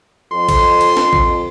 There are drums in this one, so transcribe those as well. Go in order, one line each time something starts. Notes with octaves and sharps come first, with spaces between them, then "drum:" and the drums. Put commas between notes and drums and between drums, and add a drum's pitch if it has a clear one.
F2 C6
drum: kick A1, cymbal
drum: cymbal
drum: snare
drum: kick A1